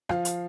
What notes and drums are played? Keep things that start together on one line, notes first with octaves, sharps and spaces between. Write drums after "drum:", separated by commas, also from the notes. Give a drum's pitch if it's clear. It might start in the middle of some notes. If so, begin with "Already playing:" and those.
F3 F5, drum: rim click
drum: hi-hat